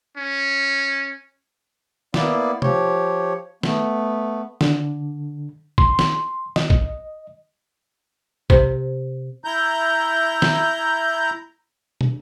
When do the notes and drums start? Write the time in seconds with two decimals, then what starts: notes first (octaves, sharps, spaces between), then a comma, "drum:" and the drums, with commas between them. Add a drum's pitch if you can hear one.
0.17 C#4
2.14 A#3 B3 E4 D5, drum: snare
2.62 F3 G4 C#5, drum: tom
3.63 A3 B3, drum: snare
4.61 D3, drum: snare
5.78 C6, drum: kick
5.99 drum: snare
6.56 D#5, drum: snare
6.70 drum: kick
8.50 C3, drum: kick
9.45 E4 A#5 G6
10.42 drum: snare
12.01 drum: tom